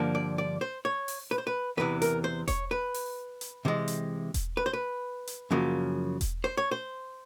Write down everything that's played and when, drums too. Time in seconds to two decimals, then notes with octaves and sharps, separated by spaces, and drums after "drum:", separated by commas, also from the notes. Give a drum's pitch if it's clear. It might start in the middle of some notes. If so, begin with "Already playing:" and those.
Already playing: G2 D3 F3 A#3
0.15 D5
0.38 D5
0.61 C5
0.85 C#5
1.08 drum: open hi-hat
1.31 B4
1.38 C5
1.47 B4
1.77 E2 C3 E3 B4
2.02 A#4, drum: hi-hat
2.24 C5
2.48 C#5, drum: kick E1, hi-hat
2.71 B4
2.94 drum: open hi-hat
3.41 drum: hi-hat
3.65 C3 E3 G#3
3.88 drum: hi-hat
4.34 drum: kick E1, hi-hat
4.57 B4
4.66 C5
4.73 B4
5.27 drum: hi-hat
5.51 F#2 C#3 F3 A#3
6.21 drum: kick E1, hi-hat
6.44 C5
6.57 C#5
6.71 C5